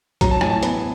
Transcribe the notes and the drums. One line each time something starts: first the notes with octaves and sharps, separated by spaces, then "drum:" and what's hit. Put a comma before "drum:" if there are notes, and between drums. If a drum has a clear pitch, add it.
F#3 A#5, drum: kick, hi-hat
A5
A1 G#5, drum: rim click
A5
B3, drum: hi-hat